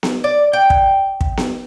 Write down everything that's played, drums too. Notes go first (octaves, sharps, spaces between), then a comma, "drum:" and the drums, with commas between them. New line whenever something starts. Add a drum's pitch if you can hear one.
drum: snare B3
D5
G5
drum: kick
drum: kick
drum: snare B3